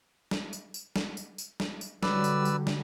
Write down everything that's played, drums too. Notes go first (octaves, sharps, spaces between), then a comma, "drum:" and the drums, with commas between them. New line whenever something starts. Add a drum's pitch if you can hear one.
drum: snare
drum: tambourine
drum: tambourine
drum: snare
drum: tambourine
drum: tambourine
drum: snare
drum: tambourine
D3 F#3 G3 B4 D5 E6, drum: snare
drum: tambourine
drum: tambourine
drum: snare